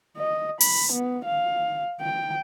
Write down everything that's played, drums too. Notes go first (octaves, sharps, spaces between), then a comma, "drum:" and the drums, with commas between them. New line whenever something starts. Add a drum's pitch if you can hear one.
D#5
B5, drum: open hi-hat
B3
F5
G5